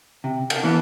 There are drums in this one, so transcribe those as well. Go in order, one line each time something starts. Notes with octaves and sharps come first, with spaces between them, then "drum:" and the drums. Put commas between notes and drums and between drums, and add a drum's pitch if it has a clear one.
C3
drum: cymbal
E3 B3